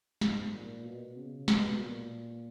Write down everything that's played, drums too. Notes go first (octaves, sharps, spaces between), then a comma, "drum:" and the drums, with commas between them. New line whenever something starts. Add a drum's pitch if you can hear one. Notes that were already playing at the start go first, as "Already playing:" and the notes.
G#2, drum: snare
A#2
B2
C#3
B2, drum: snare
A#2